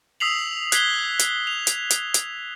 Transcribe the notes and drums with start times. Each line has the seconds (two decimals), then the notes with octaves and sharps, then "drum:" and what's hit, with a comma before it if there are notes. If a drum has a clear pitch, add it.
0.20 D#6 E6 B6 C7 F7 F#7
0.72 F#6 G#6 B6 C7 G7, drum: hi-hat
1.19 drum: hi-hat
1.47 F7
1.67 drum: hi-hat
1.90 drum: hi-hat
2.14 drum: hi-hat